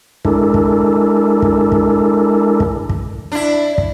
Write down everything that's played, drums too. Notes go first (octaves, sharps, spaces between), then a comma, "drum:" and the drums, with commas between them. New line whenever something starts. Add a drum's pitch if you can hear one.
G#3 D4 E4 A4 A#4, drum: kick
drum: kick
drum: kick
drum: kick
drum: kick
drum: kick
D4 E4
drum: kick